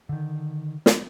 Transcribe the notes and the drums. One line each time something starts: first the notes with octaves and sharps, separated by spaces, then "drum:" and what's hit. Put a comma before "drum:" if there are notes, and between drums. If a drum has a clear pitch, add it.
D3 D#3
drum: snare